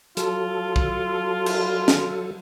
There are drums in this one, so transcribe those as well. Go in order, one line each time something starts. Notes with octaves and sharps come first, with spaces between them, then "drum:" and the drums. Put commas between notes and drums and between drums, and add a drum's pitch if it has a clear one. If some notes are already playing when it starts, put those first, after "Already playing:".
F#3 F4 A4, drum: hi-hat
drum: kick
drum: cymbal
drum: snare